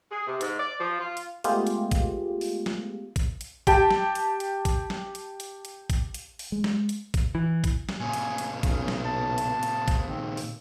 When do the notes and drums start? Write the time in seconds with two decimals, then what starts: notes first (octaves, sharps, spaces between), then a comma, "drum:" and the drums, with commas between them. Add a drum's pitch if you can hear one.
0.12 G#4
0.27 C3
0.41 G#2, drum: hi-hat
0.60 D5
0.79 F3
0.99 F4
1.17 drum: hi-hat
1.44 G#3 A3 B3 F4 G4 G#4, drum: hi-hat
1.67 drum: hi-hat
1.91 drum: kick A1, hi-hat
2.41 drum: open hi-hat
2.66 drum: snare
3.16 drum: kick A1, hi-hat
3.41 drum: hi-hat
3.67 G4 G5 A5, drum: kick A1, hi-hat
3.91 drum: snare
4.15 drum: hi-hat
4.40 drum: hi-hat
4.65 drum: kick A1, hi-hat
4.90 drum: snare
5.15 drum: hi-hat
5.40 drum: hi-hat
5.65 drum: hi-hat
5.90 drum: kick A1, hi-hat
6.14 drum: hi-hat
6.39 drum: open hi-hat
6.52 G#3
6.64 drum: snare
6.89 drum: hi-hat
7.14 drum: kick A1, hi-hat
7.35 E3
7.64 drum: kick A1, hi-hat
7.89 drum: snare
8.00 A#2 C#3 G#5
8.13 drum: hi-hat
8.38 drum: hi-hat
8.63 B1 C#4, drum: kick A1, hi-hat
8.88 drum: snare
9.06 A5
9.38 drum: hi-hat
9.63 drum: hi-hat
9.88 drum: kick A1, hi-hat
10.08 D#3 C4
10.37 drum: open hi-hat